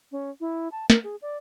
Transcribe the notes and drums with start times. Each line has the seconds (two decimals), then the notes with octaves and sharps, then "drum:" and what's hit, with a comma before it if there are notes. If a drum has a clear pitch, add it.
0.12 C#4
0.40 E4
0.72 A5
0.90 A#4, drum: snare
1.04 G#4
1.22 D5